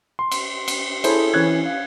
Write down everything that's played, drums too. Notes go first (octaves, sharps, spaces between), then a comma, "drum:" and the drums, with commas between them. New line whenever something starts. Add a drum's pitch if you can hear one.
C6
drum: cymbal
drum: cymbal
E4 G#4 A4 C5 C#5 E5, drum: cymbal
E3 C#4 C#5 F#6 G#6
F5